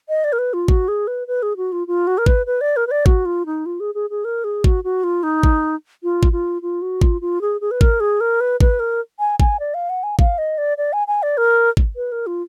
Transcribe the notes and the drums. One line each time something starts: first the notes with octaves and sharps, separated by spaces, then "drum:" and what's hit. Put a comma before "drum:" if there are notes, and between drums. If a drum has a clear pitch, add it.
D#5
D5
A#4
B4
F4
F#4, drum: kick
G#4
B4
B4
G#4
F#4
F4
F4
F#4
A#4
B4, drum: kick
B4
D5
A#4
B4
D5
F#4, drum: kick
F4
D#4
F4
G#4
G#4
G#4
A#4
G#4
F#4, drum: kick
F#4
F4
D#4
drum: kick
F4
drum: kick
F4
F4
F#4
F4, drum: kick
F4
G#4
G#4
B4
A#4, drum: kick
G#4
A#4
B4
B4, drum: kick
A#4
G#5
G#5, drum: kick
D5
F5
F#5
G#5
F5, drum: kick
D#5
D5
D5
G#5
G#5
D5
A#4
drum: kick
B4
A#4
F4